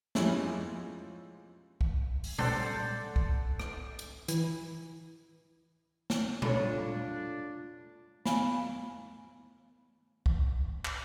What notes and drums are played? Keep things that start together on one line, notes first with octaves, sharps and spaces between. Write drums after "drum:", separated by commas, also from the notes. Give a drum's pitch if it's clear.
F2 G3 G#3 C#4 E4, drum: snare
drum: kick C2
drum: open hi-hat
A4 C5 D5 F#5, drum: tom A#2
drum: kick C2
drum: rim click
drum: hi-hat
E3, drum: hi-hat
drum: snare
D4 F4 A4 C#5, drum: tom A#2
B3 F5 G#5 B5, drum: snare
drum: kick C2
drum: clap